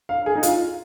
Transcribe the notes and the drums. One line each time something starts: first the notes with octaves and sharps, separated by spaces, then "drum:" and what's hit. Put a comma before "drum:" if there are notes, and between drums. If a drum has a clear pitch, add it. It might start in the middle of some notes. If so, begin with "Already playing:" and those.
F5
G#4
D#4
F4, drum: hi-hat